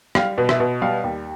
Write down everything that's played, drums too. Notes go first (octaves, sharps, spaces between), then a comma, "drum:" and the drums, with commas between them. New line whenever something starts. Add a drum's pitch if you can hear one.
G3 F5, drum: rim click
B2
E5, drum: rim click
B2
G3 F5
D#2